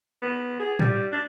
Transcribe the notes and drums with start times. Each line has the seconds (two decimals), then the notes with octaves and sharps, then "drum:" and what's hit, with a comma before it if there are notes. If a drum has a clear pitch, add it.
0.22 B3
0.60 G#4
0.79 G3, drum: tom
1.12 D4